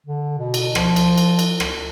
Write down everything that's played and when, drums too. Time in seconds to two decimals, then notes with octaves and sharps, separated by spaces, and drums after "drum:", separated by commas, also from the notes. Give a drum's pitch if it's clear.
0.07 D3
0.39 B2
0.54 drum: cymbal
0.75 F3, drum: rim click
0.96 drum: cymbal
1.18 drum: cymbal
1.39 drum: cymbal
1.60 drum: rim click